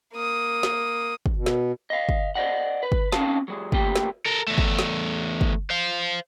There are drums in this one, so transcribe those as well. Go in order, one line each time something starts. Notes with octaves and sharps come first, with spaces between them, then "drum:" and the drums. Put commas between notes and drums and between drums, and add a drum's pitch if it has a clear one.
A#3 D#6
drum: snare
drum: kick
B2
drum: snare
D#5 F5
drum: kick
C5 D5 D#5 F#5
B4
drum: kick
C4 C#4 D#4 F5 A5, drum: snare
F#3 G#3
A#2 A3 G4 G5, drum: kick
drum: snare
A4 A#4
E2 A3
drum: kick
drum: snare
drum: kick
C5 F5